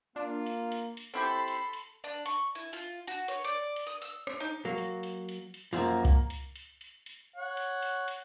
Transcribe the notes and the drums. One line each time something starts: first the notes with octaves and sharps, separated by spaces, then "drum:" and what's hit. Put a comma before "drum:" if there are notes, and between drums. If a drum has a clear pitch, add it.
A#3 D4 F4
drum: hi-hat
drum: hi-hat
drum: hi-hat
C4 E4 G4 A4 B5 C6
drum: hi-hat
drum: hi-hat
D4
C#6, drum: hi-hat
E4
F4, drum: open hi-hat
F#4
C#5, drum: hi-hat
D5
drum: hi-hat
D#6
E6, drum: hi-hat
drum: rim click
D#4
F#3 A#3
drum: hi-hat
drum: hi-hat
drum: hi-hat
drum: hi-hat
F#2 F3 A#3
drum: kick C2, hi-hat
drum: hi-hat
drum: hi-hat
drum: hi-hat
drum: hi-hat
C#5 F#5
drum: hi-hat
drum: hi-hat
drum: hi-hat